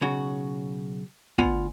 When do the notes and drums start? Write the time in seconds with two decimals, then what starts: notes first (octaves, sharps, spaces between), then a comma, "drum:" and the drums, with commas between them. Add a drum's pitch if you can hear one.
0.01 B1 C#3 F#4
1.38 D2 B3 F4 F#5 G#5, drum: kick